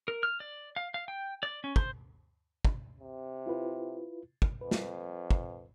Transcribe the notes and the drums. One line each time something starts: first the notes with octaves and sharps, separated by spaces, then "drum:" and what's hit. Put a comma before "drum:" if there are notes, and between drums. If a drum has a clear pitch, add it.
A#4
F6
D5
F5
F5
G5
D5
C#4
C5, drum: kick
drum: kick
C3
E4 F4 B4
drum: kick
F2 B4
drum: snare
drum: kick